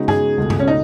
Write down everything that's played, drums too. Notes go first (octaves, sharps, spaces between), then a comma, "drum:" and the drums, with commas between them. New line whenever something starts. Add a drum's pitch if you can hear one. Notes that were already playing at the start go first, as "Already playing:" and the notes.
Already playing: C#3 G#3 B3 D#4 F#4
G#4, drum: tom G2
C#2 B2 A3
drum: tom G2
C#4
D#4